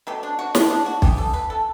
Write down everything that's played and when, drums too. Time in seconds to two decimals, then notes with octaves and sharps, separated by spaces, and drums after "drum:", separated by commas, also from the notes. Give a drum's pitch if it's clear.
0.07 B2 F#3 A3 G4
0.23 D4
0.39 F#4
0.55 D4, drum: snare
0.70 D4
0.86 F#4
1.02 E3 B3 G4, drum: kick
1.18 A4
1.34 B4
1.50 A4